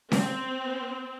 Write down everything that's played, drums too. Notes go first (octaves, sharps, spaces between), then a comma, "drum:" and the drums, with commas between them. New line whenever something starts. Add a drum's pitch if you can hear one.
C4, drum: snare C#4